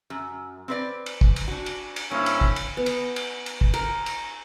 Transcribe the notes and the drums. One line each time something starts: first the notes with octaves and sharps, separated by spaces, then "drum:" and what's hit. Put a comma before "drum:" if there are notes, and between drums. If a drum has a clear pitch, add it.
F#2
C4 B4 D5
drum: cymbal
drum: kick
drum: cymbal
D4 F#4
drum: cymbal
drum: cymbal
G2 A#3 C4 C#4 E4
drum: cymbal
drum: kick
drum: cymbal
B3
drum: cymbal
drum: cymbal
drum: cymbal
drum: kick
A#4, drum: cymbal
drum: cymbal